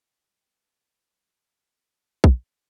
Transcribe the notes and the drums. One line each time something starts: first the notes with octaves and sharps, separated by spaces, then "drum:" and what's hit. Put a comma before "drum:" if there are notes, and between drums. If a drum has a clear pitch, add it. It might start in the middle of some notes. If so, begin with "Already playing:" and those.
G3 G5
B3 G5
B3 A5
B3
G3
drum: kick